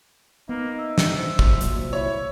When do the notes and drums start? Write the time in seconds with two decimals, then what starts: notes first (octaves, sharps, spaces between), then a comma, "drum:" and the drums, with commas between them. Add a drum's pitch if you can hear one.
0.49 A#3 B3 D#4
0.79 E5
0.98 drum: snare
1.18 C5
1.39 drum: kick
1.61 C2 A#2 F#3, drum: hi-hat
1.93 E4 C#5